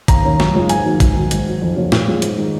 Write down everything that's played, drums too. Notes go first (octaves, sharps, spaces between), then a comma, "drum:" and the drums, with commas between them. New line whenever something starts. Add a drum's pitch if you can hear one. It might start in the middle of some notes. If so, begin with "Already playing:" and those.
D#2 A#5, drum: kick A1, hi-hat
D#3 A#3 C#4
F#2, drum: snare
C#3 G#3 C#4 F4
G#2 G#5, drum: hi-hat
D#3 F#3 A#3 D#4
G#2, drum: kick A1, hi-hat
D#3 F#3
G#2, drum: hi-hat
D#3 F#3
F2
C#3 F#3 A#3 C#4
A#2, drum: snare
G#3 C#4 F4
G#2, drum: hi-hat
D#3 G#3 D#4